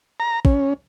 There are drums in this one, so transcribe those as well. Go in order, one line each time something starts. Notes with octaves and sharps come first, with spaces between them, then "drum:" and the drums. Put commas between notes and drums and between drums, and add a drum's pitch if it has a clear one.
A#5
C#4, drum: kick